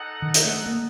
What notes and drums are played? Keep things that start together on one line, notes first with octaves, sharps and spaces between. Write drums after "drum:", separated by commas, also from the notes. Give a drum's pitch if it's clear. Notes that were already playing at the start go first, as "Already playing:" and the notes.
Already playing: D#4 A4 D#5 F#5
D#3
drum: hi-hat
A3
A#3